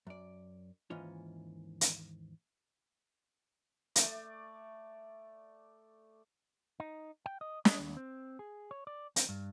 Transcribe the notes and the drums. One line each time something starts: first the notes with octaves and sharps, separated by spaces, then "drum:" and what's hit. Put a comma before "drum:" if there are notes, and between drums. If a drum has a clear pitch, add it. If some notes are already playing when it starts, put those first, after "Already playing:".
F#2 D5
D#2 G#2 E3 C#4 F4
drum: hi-hat
A3 D5, drum: hi-hat
D#4
G5
D#5
D#5, drum: snare
D#2
C4
G#4
C#5
D5
C4, drum: hi-hat
G2